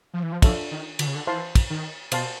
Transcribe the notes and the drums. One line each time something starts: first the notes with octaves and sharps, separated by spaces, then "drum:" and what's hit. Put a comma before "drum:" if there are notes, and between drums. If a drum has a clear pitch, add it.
F3
E3
F3
F3 D4 F4 A4 C#5 E5, drum: kick, cymbal
D#3
D3, drum: cymbal
C#3
D3
E3 C5 F5 A5 C6
drum: kick, cymbal
D#3
B2 C5 F5 A5 C6, drum: cymbal